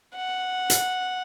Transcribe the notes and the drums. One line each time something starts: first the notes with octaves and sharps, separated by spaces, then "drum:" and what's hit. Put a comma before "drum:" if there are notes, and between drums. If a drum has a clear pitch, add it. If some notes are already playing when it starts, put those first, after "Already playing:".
F#5
drum: hi-hat